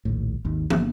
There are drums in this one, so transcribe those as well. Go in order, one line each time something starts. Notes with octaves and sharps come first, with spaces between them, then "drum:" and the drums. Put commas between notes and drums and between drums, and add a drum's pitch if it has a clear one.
A#1 D#2 A2
G#1 D#2 D#3
G1 A#3 B3 D4, drum: tom